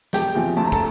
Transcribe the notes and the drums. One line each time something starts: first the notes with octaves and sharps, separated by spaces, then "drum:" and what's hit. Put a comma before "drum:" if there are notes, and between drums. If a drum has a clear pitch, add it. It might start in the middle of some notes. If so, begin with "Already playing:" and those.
E1 G4 G5, drum: snare
E2 C3 F3
D2 A5
A#5
A4 A5, drum: kick